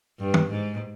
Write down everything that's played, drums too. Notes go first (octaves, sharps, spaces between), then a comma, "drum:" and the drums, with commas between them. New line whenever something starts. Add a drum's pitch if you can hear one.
G2
drum: tom
G#2